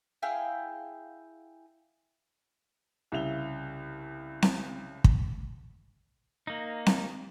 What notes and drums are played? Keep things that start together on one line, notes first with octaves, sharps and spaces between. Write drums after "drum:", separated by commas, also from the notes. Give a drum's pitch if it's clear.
E4 G#4 F5 G5
C2 C#3 E5 F7 G7
drum: snare C4
drum: kick
A#3 D#4
drum: snare C4